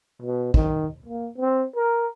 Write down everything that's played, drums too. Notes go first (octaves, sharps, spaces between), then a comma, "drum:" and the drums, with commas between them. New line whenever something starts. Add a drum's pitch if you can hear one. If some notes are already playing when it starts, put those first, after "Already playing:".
B2
D#3, drum: kick
A#3
C4
A#4